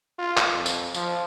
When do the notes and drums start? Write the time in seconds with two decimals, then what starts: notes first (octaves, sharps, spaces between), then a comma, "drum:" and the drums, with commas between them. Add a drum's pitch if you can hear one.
0.19 F4
0.37 drum: clap
0.51 F2
0.66 drum: tambourine
0.94 F3, drum: tambourine